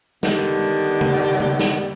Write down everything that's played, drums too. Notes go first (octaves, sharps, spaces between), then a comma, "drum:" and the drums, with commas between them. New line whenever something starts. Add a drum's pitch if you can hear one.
D3 D#3 G3 B3, drum: snare
drum: tom C#3
drum: tom C#3
drum: snare